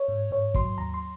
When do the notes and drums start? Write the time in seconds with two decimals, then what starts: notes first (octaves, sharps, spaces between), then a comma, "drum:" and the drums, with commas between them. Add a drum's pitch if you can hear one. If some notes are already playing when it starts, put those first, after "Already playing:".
Already playing: C#5
0.08 G#2
0.31 G#2 C#5
0.54 F#3 C6, drum: kick
0.78 D#2 A#5
0.94 C6